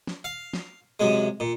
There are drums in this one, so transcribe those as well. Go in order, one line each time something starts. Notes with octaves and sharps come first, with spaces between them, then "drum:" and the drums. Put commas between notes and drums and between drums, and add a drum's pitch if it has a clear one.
drum: snare
F5
drum: snare
F#2 C3 G#3
A#2